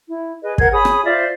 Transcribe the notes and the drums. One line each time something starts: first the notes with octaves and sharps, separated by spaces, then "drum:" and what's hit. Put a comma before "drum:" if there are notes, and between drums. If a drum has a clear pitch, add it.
E4
G#4 B4 D#5
A#4 C5 F#5 G#6, drum: kick
G#4 C#5 B5 D#6
drum: rim click
F4 C5 D5 E5